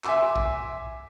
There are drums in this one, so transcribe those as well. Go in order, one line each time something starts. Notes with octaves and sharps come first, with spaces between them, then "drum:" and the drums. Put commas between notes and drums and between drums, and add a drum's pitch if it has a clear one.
E5 G#5 C6 D6 E6, drum: clap
drum: kick